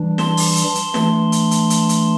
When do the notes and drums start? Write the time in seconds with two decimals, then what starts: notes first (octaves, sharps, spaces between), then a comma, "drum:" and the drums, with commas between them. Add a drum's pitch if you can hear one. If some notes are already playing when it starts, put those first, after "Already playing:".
Already playing: E3 G3 D4
0.18 A5 C6, drum: snare
0.37 drum: open hi-hat
0.56 drum: hi-hat
0.75 drum: hi-hat
0.94 E3 A3 D4, drum: snare
1.32 drum: hi-hat
1.51 drum: hi-hat
1.70 drum: hi-hat
1.89 drum: hi-hat